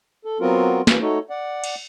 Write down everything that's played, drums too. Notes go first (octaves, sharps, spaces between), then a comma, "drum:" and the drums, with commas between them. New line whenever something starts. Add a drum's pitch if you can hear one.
A4
F#3 B3 C4 F4 F#4 A#4
E3 A#3 B3 C#4 F#4, drum: snare
A3 D#4 F#4 A4 C#5
D5 F#5
drum: cymbal